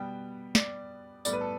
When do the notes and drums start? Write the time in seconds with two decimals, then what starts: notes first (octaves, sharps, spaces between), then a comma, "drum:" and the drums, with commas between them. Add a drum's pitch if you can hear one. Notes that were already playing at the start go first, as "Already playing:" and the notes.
Already playing: B2 G3 B3 G5
0.55 D5, drum: snare
1.25 A2 G3 B3 D5, drum: tambourine
1.33 B4
1.41 A4